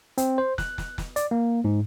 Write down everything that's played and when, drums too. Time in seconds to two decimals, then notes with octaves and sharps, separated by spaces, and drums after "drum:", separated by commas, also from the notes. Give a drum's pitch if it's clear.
0.18 C4, drum: hi-hat
0.38 C5
0.58 F#6, drum: snare
0.78 drum: snare
0.98 drum: snare
1.16 D5, drum: hi-hat
1.31 A#3
1.64 G#2